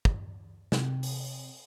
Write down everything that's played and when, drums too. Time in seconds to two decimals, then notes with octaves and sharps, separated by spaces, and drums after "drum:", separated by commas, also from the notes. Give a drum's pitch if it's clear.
0.05 drum: kick
0.72 C3, drum: snare
1.03 drum: open hi-hat